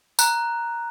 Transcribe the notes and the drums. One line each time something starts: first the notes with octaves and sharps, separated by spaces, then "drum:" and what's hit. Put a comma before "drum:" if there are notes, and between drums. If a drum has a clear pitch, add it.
A#5 F#6, drum: tambourine